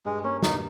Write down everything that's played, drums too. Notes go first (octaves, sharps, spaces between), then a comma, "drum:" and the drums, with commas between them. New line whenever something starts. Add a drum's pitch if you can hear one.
G2 G#3
A#3 C#4
G2 D#4, drum: snare